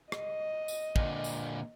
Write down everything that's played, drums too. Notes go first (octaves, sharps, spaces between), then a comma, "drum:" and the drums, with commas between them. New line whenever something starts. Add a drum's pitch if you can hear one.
D#5, drum: rim click
drum: tambourine
A#2 D3, drum: kick
drum: tambourine